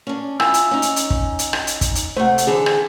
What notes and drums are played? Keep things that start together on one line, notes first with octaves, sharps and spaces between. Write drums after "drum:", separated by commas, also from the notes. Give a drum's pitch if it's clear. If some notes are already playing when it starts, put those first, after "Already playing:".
C#4 D4
E4 F4 G#5 E6, drum: rim click
drum: hi-hat
C#4 D#4
drum: hi-hat
drum: hi-hat
drum: kick
drum: hi-hat
drum: rim click
drum: hi-hat
drum: kick, hi-hat
drum: hi-hat
C3 A3 C5 F#5
drum: hi-hat
D3 E3 G#4 A4
drum: rim click